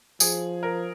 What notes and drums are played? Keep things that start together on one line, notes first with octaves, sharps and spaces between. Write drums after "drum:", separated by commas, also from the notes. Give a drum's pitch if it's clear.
F3 G#4, drum: tambourine
A#4